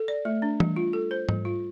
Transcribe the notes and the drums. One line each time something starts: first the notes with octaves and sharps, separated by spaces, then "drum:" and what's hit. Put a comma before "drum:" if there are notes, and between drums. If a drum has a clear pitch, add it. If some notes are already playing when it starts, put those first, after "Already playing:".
Already playing: A4
D5
A3
D4
G3, drum: tom E3
F4
A4
C5
G3, drum: tom G#2
F4